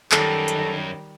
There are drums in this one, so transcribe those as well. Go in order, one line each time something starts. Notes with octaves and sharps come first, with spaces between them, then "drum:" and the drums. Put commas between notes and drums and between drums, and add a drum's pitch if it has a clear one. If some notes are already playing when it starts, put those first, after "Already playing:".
F#2 D#3 G3 A4, drum: clap
drum: hi-hat